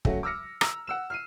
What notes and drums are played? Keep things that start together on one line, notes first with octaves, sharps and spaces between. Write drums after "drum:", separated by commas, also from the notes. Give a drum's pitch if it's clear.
F#3 A3 C#4 F#4, drum: kick
D6 E6 F6 A#6 C#7
A#5 E6, drum: rim click
F#5 E6 E7
F6 C7 D#7